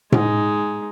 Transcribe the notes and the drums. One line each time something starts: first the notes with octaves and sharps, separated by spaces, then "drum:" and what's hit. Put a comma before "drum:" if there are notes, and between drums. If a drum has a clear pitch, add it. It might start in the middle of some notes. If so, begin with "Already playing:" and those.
G#3 D#4, drum: tom A2